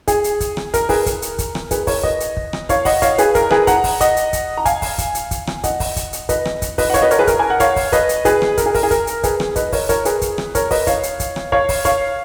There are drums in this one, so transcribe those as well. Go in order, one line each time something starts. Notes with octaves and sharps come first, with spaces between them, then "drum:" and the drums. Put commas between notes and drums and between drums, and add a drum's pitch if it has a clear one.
G#4, drum: kick, hi-hat
drum: hi-hat
drum: kick, hi-hat
drum: rim click
A#4, drum: kick, hi-hat
G#4 B4, drum: kick, open hi-hat
A#4, drum: kick, hi-hat
drum: hi-hat
drum: kick, hi-hat
drum: rim click
G#4 B4, drum: kick, hi-hat
A#4 C#5, drum: kick, open hi-hat
B4 D#5, drum: kick
drum: hi-hat
drum: kick
drum: rim click
C#5 F5, drum: kick, hi-hat
D#5 F#5, drum: kick, open hi-hat
C#5 F5, drum: kick, hi-hat
G#4 B4, drum: hi-hat
A#4, drum: kick, hi-hat
G#4 B4, drum: rim click
F#5 A#5, drum: kick, hi-hat
drum: kick, open hi-hat
D#5 F#5, drum: kick, hi-hat
drum: hi-hat
drum: kick, hi-hat
A#5
F5 G#5, drum: kick, hi-hat
drum: kick, open hi-hat
drum: kick, hi-hat
drum: hi-hat
drum: kick, hi-hat
drum: rim click
D#5 F#5, drum: kick, hi-hat
drum: kick, open hi-hat
drum: kick, hi-hat
drum: hi-hat
B4 D#5, drum: kick, hi-hat
drum: rim click
drum: kick, hi-hat
B4 D#5, drum: kick, open hi-hat
F#5
C#5 F5, drum: kick, hi-hat
B4 D#5
A#4 C#5, drum: hi-hat
G#4 B4
A#4, drum: kick, hi-hat
G#5
F#5
C#5 F5, drum: kick, hi-hat
drum: kick, open hi-hat
B4 D#5, drum: kick, hi-hat
drum: hi-hat
G#4 B4, drum: kick, hi-hat
drum: rim click
A#4, drum: kick, hi-hat
G#4
A#4, drum: kick, open hi-hat
G#4
A#4, drum: kick, hi-hat
drum: hi-hat
G#4 B4, drum: kick, hi-hat
drum: rim click
B4 D#5, drum: kick, hi-hat
A#4 C#5, drum: kick, open hi-hat
A#4 C#5, drum: kick, hi-hat
G#4 B4, drum: hi-hat
drum: kick, hi-hat
drum: rim click
A#4 C#5, drum: kick, hi-hat
B4 D#5, drum: kick, open hi-hat
C#5 F5, drum: kick, hi-hat
drum: hi-hat
drum: kick, hi-hat
drum: rim click
C#5 F5, drum: kick
drum: kick, open hi-hat
C#5 F5, drum: kick, hi-hat